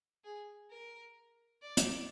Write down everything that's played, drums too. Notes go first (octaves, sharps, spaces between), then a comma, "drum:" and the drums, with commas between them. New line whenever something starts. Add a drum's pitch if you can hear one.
G#4
A#4
D5
drum: hi-hat